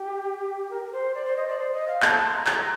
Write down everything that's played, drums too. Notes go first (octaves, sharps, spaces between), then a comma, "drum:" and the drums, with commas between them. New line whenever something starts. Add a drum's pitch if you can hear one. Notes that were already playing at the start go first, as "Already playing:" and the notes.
Already playing: G4
A#4
A#4
C5
D5
C5
D#5
D5
C5
D#5
F5
A5, drum: clap
A5
C6
A#5
A#5, drum: clap